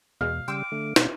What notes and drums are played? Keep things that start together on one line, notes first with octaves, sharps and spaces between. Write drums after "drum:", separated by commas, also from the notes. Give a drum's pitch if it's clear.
E2 B2 G#3 F5
C#3 G3 G5 C6 D6 E6
D3 A3
B2 C#4, drum: snare